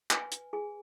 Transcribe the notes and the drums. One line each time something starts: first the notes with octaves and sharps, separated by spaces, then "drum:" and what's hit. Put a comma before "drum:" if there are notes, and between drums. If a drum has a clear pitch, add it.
B4 G#5, drum: clap
drum: hi-hat
G#4 G#5